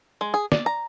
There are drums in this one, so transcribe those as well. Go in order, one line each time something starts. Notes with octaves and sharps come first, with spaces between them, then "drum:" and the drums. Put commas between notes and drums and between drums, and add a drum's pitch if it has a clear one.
G#3
G#4
D5, drum: snare
A#5